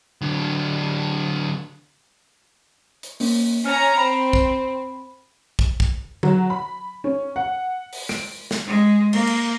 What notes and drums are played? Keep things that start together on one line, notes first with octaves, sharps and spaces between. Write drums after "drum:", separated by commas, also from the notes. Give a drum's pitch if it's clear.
D3 F#3
drum: hi-hat
A#3 C#4, drum: open hi-hat
C#4 A#5 F6
C4 B5
drum: kick
drum: kick
drum: kick
F#3, drum: tom D3
B5
C#4
F#5
drum: open hi-hat
D7, drum: snare
drum: snare
G#3
A#3, drum: cymbal
drum: cymbal